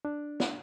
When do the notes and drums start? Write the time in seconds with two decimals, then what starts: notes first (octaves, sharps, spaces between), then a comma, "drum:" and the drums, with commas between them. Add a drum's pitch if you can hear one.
0.05 D4
0.40 drum: snare